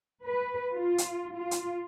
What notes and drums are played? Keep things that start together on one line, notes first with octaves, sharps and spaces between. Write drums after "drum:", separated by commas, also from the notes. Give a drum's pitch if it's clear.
B4
F4
drum: hi-hat
F4
drum: hi-hat